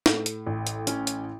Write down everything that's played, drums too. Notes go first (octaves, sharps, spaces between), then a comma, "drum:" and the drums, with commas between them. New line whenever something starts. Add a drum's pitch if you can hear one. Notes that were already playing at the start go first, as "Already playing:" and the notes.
A2, drum: snare
drum: hi-hat
A1
drum: hi-hat
C#4, drum: hi-hat
drum: hi-hat